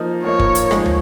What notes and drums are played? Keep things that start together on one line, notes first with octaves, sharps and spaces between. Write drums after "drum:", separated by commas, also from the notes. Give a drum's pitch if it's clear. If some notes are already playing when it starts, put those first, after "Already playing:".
Already playing: F3 A#3 D#4
F3 A#3 D#4 C#5
drum: kick
drum: hi-hat
F3 G#3 D#4, drum: rim click
drum: tom